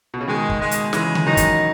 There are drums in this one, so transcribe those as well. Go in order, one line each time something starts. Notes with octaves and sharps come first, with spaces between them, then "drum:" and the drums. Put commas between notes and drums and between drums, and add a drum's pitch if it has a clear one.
B2
C#3
B2 D#3 G#3
drum: kick
G#3
drum: hi-hat
C#3 E3 G#3, drum: snare
drum: tom C#3
D#3 F#3 D#4
drum: kick, hi-hat